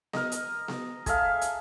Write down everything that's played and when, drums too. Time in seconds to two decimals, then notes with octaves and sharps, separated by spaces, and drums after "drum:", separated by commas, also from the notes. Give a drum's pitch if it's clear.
0.13 A#4 D#5, drum: snare B3
0.32 drum: hi-hat
0.68 drum: snare B3
1.06 G#4 A4 E5 F5, drum: kick, hi-hat
1.41 drum: hi-hat